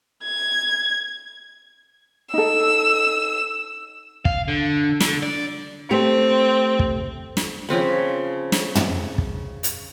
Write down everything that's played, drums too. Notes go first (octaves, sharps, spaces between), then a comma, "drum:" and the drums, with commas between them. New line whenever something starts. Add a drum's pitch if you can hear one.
G#6
D#4 A4 E6
F5, drum: kick
D3
D3, drum: snare
D5
A3 C4 G4
drum: kick
drum: snare
C#3 F3 C4 B5
drum: snare
drum: tom
drum: kick
drum: hi-hat